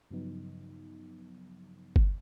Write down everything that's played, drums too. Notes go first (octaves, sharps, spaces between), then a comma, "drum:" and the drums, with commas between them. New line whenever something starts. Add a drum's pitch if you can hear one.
G2 C#3 F3 F#3 B3 D#4
drum: kick G1